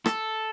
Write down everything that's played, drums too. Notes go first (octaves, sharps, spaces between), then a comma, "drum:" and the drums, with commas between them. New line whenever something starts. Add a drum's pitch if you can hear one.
A4, drum: rim click